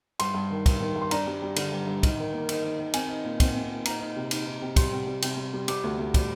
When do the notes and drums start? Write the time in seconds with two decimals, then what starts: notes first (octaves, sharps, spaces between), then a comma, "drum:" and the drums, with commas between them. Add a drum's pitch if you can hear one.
0.19 G2 C6, drum: cymbal
0.34 G2
0.51 D#3
0.66 G2, drum: kick, cymbal
0.80 D#3
0.96 G2
1.02 C6
1.11 D4 A#5, drum: cymbal
1.27 G3
1.42 G3
1.56 D3, drum: cymbal
1.72 G2
1.87 G2
2.03 D#4, drum: kick, cymbal
2.18 D#3
2.33 A#3
2.49 D#4, drum: cymbal
2.64 D#3
2.79 D#3
2.94 C4 G#5, drum: cymbal
3.09 D#4
3.24 A#2
3.40 C4, drum: kick, cymbal
3.55 C4
3.70 A#2
3.85 D#4 A#5, drum: cymbal
4.00 D#4
4.16 C3
4.31 D#4, drum: cymbal
4.47 D#4
4.62 C3
4.76 G3 C6, drum: kick, cymbal
4.93 C3
5.07 G3
5.22 C3, drum: cymbal
5.37 G3
5.54 G3
5.68 G3 D6, drum: cymbal
5.84 D2
5.99 D2
6.14 G3, drum: kick, cymbal